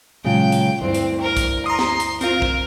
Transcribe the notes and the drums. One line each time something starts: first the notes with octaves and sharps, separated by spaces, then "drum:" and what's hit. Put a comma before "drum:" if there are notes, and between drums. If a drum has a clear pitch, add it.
A#2 C#3 F#3 G#3 F4 G5
drum: hi-hat
D2 G2 C4 E4 C5
drum: hi-hat
A#4
drum: kick, hi-hat
A#5 C6 D#6
drum: snare
drum: hi-hat
C4 F4 A#4, drum: hi-hat
drum: kick